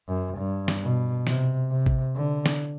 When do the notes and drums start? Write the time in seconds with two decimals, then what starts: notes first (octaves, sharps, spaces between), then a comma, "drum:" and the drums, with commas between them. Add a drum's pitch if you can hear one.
0.08 F#2
0.38 G2
0.68 drum: snare
0.83 B2
1.27 C3, drum: snare
1.71 C3
1.86 drum: kick
2.16 D3
2.46 drum: snare